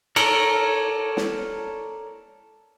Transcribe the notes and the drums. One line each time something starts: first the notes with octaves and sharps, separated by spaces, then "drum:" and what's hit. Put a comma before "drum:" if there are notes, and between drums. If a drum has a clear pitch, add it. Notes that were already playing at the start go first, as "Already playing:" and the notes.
A4 A#4 C#5 D5, drum: cymbal
drum: snare